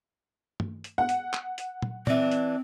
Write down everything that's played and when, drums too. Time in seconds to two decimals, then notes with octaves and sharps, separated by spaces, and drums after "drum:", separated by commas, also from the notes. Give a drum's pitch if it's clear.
0.60 drum: tom
0.84 drum: hi-hat
0.98 F#5
1.09 drum: hi-hat
1.33 drum: clap
1.58 drum: hi-hat
1.82 drum: tom A#2
2.07 E3 C4 D4, drum: tom A#2
2.32 drum: hi-hat